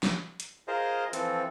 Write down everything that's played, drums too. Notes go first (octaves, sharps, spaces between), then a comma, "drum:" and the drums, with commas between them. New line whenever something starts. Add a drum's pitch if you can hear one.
drum: snare
drum: hi-hat
F4 G#4 A#4 C5 D#5
E3 F3 C4 A4, drum: hi-hat